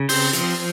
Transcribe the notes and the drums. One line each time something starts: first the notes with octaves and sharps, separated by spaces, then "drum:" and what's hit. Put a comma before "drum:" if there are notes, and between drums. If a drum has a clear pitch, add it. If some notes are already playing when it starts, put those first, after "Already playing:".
Already playing: C#3
C4 C5, drum: open hi-hat
F3, drum: hi-hat